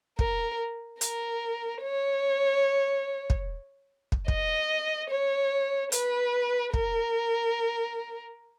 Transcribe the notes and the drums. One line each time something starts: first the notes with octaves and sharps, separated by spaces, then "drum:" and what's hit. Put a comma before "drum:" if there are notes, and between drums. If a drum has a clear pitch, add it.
A#4, drum: kick
A#4, drum: hi-hat
C#5
drum: kick
drum: kick
D#5, drum: kick
C#5
B4, drum: hi-hat
A#4, drum: kick